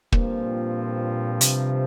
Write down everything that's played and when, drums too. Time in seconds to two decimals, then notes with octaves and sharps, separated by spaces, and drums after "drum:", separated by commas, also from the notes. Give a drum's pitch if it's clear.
0.12 G2 A#2 F3 C4, drum: kick
1.41 C3, drum: hi-hat